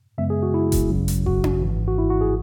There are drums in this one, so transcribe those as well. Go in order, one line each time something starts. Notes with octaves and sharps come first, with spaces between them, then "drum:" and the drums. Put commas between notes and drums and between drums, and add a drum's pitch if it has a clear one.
F#2 C#3 G#3 B3 E5
G#4
F#4
E4
drum: kick E1, hi-hat
G#1 F#2 C#3 F#3
drum: hi-hat
F#4, drum: kick E1
drum: tom C#4
G#1 G#2 E3
F#4
E4
F#4
G#4